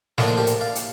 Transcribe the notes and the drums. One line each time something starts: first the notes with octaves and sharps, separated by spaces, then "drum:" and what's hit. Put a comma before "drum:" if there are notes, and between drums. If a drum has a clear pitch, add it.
A2 F3 A#3 D4 A#4, drum: snare
C5
G4 A#4
drum: hi-hat
D5 F5
drum: hi-hat